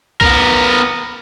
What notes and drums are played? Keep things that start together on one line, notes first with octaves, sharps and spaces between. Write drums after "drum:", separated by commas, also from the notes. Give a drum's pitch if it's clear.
B3 A#4, drum: kick B1